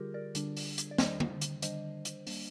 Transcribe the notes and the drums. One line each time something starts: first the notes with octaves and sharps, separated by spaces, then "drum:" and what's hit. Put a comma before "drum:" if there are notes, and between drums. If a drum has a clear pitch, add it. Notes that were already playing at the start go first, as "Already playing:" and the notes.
Already playing: D3 G3 F4 G4 G#4 A#4
A#4 D5
D3 G3 D4, drum: hi-hat
drum: open hi-hat
drum: hi-hat
D5
D#3 G3 D4 C5 D#5, drum: snare
drum: tom D3
drum: hi-hat
D#3 G3 D4 C5 D#5, drum: hi-hat
drum: hi-hat
G3 A#3 D4, drum: open hi-hat